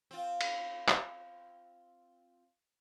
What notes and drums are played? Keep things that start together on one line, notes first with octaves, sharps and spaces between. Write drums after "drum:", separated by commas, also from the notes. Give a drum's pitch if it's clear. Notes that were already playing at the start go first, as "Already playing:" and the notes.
C4 F4
drum: cymbal
drum: clap